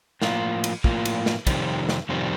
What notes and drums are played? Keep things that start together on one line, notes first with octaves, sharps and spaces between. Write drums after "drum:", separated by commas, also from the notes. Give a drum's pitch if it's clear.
A2 F3 A#3 F4, drum: snare
drum: cymbal
A2 F3 A#3 F4, drum: kick
drum: cymbal
drum: snare
F2 C3 D#3 G3 C4, drum: kick, cymbal
drum: snare
F2 C3 D#3 G3 C4